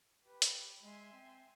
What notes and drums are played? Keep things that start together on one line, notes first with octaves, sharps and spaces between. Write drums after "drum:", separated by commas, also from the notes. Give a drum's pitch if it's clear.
G4 B4 B5
drum: hi-hat
G#3 E5 G#5 C6
C4